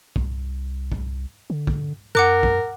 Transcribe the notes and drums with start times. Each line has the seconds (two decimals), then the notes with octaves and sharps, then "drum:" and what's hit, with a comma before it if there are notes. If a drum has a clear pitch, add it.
0.16 C2, drum: kick
0.92 drum: kick
1.50 D3
1.67 drum: kick
2.15 F#2 A#4 F#5 D6 F#6
2.43 drum: kick